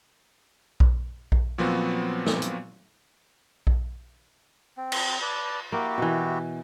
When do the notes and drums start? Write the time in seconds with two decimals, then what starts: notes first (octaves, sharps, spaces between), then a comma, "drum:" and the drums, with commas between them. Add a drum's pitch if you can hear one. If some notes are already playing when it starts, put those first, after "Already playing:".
0.80 drum: kick A#1
1.32 drum: kick A#1
1.58 A#2 F3 F#3 B3 C4 F#4
2.26 drum: snare
2.42 drum: hi-hat
3.67 drum: kick A#1
4.77 C4
4.92 drum: cymbal
5.22 B4 D5 A5
5.72 A#3 E4 F#4 G4
5.98 B2 E3